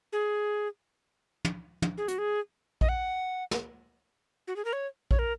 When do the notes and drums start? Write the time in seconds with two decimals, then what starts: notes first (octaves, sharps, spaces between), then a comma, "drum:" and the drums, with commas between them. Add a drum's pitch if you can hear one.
0.13 G#4
1.45 drum: tom
1.82 drum: tom
1.98 G#4
2.08 F#4, drum: hi-hat
2.18 G#4
2.81 D#5, drum: kick A#1
2.89 F#5
3.51 drum: snare
4.48 F#4
4.56 G#4
4.65 A#4
4.73 C#5
5.11 C#5, drum: kick A#1
5.19 A#4